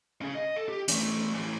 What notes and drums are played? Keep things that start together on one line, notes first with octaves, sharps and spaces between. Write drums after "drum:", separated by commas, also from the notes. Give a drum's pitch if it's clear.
C#4 G#4
D#5
A4
G4
E3 A3, drum: hi-hat
A2 E3